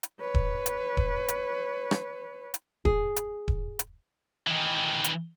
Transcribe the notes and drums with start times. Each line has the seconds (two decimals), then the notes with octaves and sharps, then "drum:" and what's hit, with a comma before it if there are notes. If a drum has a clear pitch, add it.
0.03 drum: hi-hat
0.20 B4 C#5
0.34 drum: kick D#1
0.66 drum: hi-hat
0.97 drum: kick D#1
1.28 drum: hi-hat
1.91 drum: rim click
2.54 drum: hi-hat
2.85 G#4, drum: kick D#1
3.16 drum: hi-hat
3.48 drum: kick D#1
3.79 drum: hi-hat
4.47 D#3 E3
5.04 drum: hi-hat